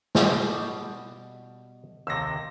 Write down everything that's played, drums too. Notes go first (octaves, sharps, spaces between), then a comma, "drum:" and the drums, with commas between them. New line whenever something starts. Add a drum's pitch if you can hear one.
B2 G3, drum: snare
D#2 C3 E6 A#6